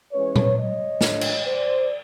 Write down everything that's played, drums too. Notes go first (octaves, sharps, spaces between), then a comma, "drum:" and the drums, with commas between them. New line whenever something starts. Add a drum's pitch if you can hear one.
E3 G#3 C#4 B4 C#5
drum: tom A#2
C#5 D#5
F3 A3 D4, drum: snare
drum: cymbal
C5 D5